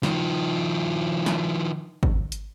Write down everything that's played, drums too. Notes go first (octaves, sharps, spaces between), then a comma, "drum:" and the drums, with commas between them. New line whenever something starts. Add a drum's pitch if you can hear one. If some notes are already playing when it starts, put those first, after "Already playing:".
D#3 F3, drum: snare
drum: snare
drum: kick
drum: hi-hat